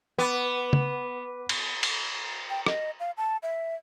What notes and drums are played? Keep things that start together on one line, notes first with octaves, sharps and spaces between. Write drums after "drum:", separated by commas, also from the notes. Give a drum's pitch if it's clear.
B3 B4 D6
drum: tom
drum: cymbal
drum: cymbal
G5
D#5, drum: rim click
F5
A5
E5